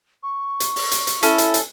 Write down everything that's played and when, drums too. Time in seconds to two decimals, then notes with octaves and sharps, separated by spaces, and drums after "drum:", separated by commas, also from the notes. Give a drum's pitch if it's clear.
0.23 C#6
0.60 drum: hi-hat
0.76 drum: open hi-hat
0.91 drum: hi-hat
1.07 drum: hi-hat
1.23 C#4 E4 A4, drum: hi-hat
1.38 drum: hi-hat
1.54 drum: hi-hat